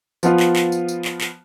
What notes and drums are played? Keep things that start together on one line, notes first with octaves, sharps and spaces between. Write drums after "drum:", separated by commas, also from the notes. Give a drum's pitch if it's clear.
F3 B3 F4, drum: tambourine
drum: clap
drum: clap
drum: tambourine
drum: tambourine
drum: clap
drum: clap